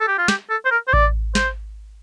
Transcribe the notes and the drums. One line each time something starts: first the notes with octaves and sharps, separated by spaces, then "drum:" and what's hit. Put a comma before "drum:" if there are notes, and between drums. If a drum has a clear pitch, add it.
A4
G4
F4
G4, drum: snare
A4
C5
A#4
C5
D5, drum: kick A1
C5, drum: snare